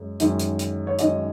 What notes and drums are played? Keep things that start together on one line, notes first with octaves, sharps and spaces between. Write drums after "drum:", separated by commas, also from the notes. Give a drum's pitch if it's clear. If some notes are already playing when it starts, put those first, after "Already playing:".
Already playing: F#2 G#3
F#2 D#3 G#3, drum: hi-hat
drum: hi-hat
drum: hi-hat
C#5
F#2 D#3 G#3 D#5, drum: hi-hat